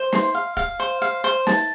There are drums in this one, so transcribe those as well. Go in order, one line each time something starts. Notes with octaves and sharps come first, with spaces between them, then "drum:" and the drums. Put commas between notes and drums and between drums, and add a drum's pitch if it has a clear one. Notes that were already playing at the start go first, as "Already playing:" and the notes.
Already playing: C5
C6, drum: snare
F5
F5, drum: kick, hi-hat
C5
F5, drum: hi-hat
C5
A5, drum: snare